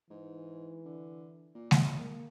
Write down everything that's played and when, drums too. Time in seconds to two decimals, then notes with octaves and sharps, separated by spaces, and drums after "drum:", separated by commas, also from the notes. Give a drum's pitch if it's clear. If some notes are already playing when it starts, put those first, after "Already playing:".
0.10 G#2 E3
0.85 D3
1.55 A#2
1.71 drum: snare G#3
1.99 A#3